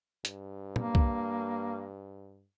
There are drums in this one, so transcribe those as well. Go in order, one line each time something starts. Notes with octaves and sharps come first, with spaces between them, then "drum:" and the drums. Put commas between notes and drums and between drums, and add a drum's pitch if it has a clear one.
G2, drum: hi-hat
A#3, drum: tom
drum: kick